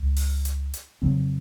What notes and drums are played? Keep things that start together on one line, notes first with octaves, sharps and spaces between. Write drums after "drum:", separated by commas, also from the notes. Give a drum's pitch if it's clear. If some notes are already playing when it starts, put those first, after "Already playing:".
Already playing: C#2
drum: open hi-hat
drum: hi-hat
drum: hi-hat
F2 C#3 F#3 C4